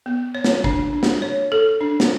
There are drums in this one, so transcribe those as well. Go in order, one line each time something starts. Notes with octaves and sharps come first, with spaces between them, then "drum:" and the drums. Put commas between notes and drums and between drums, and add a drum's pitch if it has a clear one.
B3
C#5
drum: snare
D4, drum: kick
D4
drum: snare
C#5
A4
D4
drum: snare